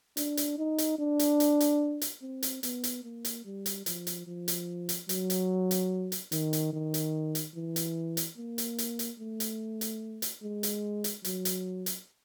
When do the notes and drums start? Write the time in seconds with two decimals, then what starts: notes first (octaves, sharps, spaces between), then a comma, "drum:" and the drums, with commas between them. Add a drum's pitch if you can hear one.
0.17 D4, drum: hi-hat
0.37 drum: hi-hat
0.58 D#4
0.78 drum: hi-hat
0.99 D4
1.19 drum: hi-hat
1.40 drum: hi-hat
1.60 drum: hi-hat
2.01 drum: hi-hat
2.22 C4
2.43 drum: hi-hat
2.63 B3, drum: hi-hat
2.84 drum: hi-hat
3.04 A#3
3.25 drum: hi-hat
3.45 G3
3.66 drum: hi-hat
3.86 F3, drum: hi-hat
4.07 drum: hi-hat
4.27 F3
4.48 drum: hi-hat
4.89 drum: hi-hat
5.09 F#3, drum: hi-hat
5.30 drum: hi-hat
5.71 drum: hi-hat
6.12 drum: hi-hat
6.32 D#3, drum: hi-hat
6.53 drum: hi-hat
6.73 D#3
6.94 drum: hi-hat
7.35 drum: hi-hat
7.55 E3
7.76 drum: hi-hat
8.17 drum: hi-hat
8.38 A#3
8.58 drum: hi-hat
8.78 drum: hi-hat
8.99 drum: hi-hat
9.19 A3
9.40 drum: hi-hat
9.81 drum: hi-hat
10.22 drum: hi-hat
10.42 G#3
10.63 drum: hi-hat
11.04 drum: hi-hat
11.25 F#3, drum: hi-hat
11.45 drum: hi-hat
11.86 drum: hi-hat